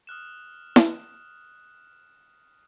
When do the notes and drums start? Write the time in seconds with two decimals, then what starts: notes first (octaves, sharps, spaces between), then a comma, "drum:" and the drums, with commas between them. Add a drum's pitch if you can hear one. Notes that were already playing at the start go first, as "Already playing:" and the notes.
0.07 D#6 F6 F#6 E7
0.76 drum: snare E4